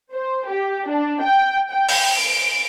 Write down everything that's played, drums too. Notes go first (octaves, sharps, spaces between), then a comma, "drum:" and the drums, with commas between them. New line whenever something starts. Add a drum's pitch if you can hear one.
C5
G4
D4
G5
G5
drum: open hi-hat
D7